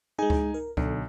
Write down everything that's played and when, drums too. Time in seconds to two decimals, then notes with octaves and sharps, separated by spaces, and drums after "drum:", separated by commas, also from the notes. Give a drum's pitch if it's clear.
0.18 G#3 D#4 G#4 G#5
0.30 drum: kick C#2
0.54 A#4
0.77 B1 D3, drum: kick C#2